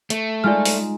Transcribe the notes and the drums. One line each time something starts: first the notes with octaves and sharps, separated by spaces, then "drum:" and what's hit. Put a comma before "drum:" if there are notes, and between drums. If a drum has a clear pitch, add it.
A3, drum: hi-hat
G#3 D#4 F4 D5 G#5 F6
drum: open hi-hat